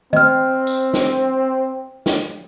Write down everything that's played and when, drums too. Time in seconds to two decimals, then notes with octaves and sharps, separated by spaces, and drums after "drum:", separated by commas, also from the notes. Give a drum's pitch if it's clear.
0.13 C4 D#5 F6, drum: tom D#3
0.67 drum: tambourine
0.94 drum: snare
2.06 drum: snare